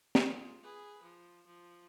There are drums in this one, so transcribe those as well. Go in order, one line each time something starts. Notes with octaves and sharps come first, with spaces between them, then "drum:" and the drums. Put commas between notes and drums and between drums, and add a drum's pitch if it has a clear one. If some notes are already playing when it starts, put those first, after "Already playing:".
F4 G#4, drum: snare
G#4 B4
F3
F3